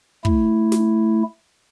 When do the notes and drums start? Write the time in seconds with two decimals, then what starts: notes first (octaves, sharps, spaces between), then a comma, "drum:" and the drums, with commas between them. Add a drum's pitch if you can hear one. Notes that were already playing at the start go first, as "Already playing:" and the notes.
0.25 A3 E4, drum: kick
0.72 drum: snare